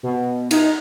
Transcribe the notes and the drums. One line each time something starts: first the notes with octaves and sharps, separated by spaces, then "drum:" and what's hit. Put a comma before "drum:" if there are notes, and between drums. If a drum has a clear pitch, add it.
B2
D#4, drum: cymbal